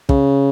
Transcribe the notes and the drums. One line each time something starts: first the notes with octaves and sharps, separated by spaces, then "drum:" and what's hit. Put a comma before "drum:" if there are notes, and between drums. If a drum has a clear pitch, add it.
C#3, drum: kick